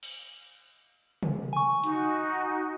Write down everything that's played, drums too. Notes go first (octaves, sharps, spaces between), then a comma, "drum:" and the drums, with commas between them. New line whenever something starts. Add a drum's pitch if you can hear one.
drum: cymbal
drum: tom
G#5 C#6
D#4 F#4, drum: hi-hat